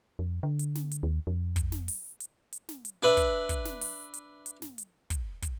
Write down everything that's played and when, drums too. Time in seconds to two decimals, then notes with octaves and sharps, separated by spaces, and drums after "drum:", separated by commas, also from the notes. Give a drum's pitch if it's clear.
0.19 F2
0.43 D3
0.59 drum: hi-hat
0.75 drum: snare
0.91 drum: hi-hat
1.03 D#2
1.27 F2
1.56 drum: kick, hi-hat
1.72 drum: snare
1.88 drum: open hi-hat
2.20 drum: hi-hat
2.52 drum: hi-hat
2.69 drum: snare
2.85 drum: hi-hat
3.03 D4 B4 E5
3.17 drum: kick, hi-hat
3.49 drum: kick, hi-hat
3.65 drum: snare
3.81 drum: open hi-hat
4.14 drum: hi-hat
4.46 drum: hi-hat
4.62 drum: snare
4.78 drum: hi-hat
5.10 drum: kick, hi-hat
5.42 drum: kick, hi-hat